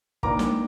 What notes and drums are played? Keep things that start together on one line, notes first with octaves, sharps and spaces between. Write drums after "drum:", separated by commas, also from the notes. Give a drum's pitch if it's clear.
D#3 A#3 D4 A#5 D6, drum: kick
drum: snare